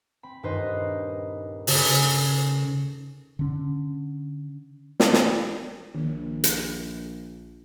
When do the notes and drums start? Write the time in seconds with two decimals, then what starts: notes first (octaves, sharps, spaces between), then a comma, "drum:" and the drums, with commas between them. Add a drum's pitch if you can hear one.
0.23 C4 B5
0.43 D#1 G2 D#4 B4 C5 D#5
1.67 C#3 A3 C#4, drum: open hi-hat
3.39 D3 C#4
5.00 drum: snare
5.13 drum: snare
5.94 A#1 D#3 A#3
6.44 drum: hi-hat